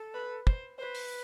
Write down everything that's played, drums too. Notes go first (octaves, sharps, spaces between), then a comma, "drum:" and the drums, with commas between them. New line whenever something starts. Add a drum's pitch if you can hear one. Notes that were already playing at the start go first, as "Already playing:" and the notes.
Already playing: A4
B4
C5, drum: kick
B4 C5
drum: open hi-hat